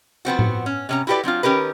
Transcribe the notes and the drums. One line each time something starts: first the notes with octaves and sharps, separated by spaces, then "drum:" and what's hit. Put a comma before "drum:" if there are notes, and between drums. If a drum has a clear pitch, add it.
F3 B3 C4 F#4
drum: tom A2
C#4
C3 C#4 A#5
E4 F#4 G4 A4 B4 D5
F#3 C4 D4 F4
D#3 C#4 G4 A#4 B4